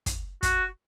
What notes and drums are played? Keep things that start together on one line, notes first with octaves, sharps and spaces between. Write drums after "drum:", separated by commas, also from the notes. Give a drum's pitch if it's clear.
drum: kick, hi-hat
F#4, drum: kick, hi-hat